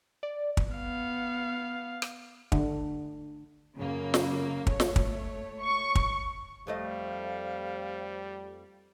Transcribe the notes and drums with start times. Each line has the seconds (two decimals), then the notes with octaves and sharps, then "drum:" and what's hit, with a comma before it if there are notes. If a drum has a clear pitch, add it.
0.23 D5
0.57 drum: kick
0.73 B3 F5
2.02 drum: rim click
2.52 D3, drum: kick
3.77 F#2 C#3 A#3
4.14 drum: snare
4.67 A3 C#5, drum: kick
4.80 drum: snare
4.96 drum: kick
5.63 C#6
5.95 drum: kick
6.67 F2 G3 A3 C5 D#5 F5